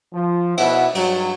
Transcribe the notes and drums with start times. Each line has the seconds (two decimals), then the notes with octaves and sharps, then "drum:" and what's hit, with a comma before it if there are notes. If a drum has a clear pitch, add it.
0.14 F3
0.58 B2 B3 E4 E5 F#5, drum: cymbal
0.95 G2 F#3, drum: cymbal